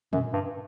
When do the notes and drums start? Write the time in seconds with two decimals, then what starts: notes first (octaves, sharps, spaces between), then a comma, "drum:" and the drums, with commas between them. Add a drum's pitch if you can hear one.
0.13 F#2, drum: tom A#2
0.33 G2